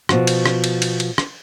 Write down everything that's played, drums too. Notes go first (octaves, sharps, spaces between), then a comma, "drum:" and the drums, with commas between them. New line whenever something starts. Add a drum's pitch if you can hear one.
B2 F3 F#4, drum: rim click
drum: cymbal
drum: rim click
drum: cymbal
drum: cymbal
drum: cymbal
drum: rim click